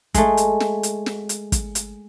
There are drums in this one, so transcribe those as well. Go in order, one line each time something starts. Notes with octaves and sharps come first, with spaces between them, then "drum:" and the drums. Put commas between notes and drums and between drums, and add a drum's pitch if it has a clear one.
G#3 A3, drum: kick, hi-hat
drum: hi-hat
drum: snare
drum: hi-hat
drum: snare
drum: hi-hat
drum: kick, hi-hat
drum: hi-hat